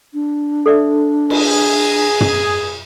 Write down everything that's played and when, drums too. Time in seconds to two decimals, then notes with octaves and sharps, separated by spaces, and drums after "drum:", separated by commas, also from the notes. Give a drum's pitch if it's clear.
0.14 D4
0.66 A4 D5 E5
1.30 G#4, drum: cymbal
2.21 drum: tom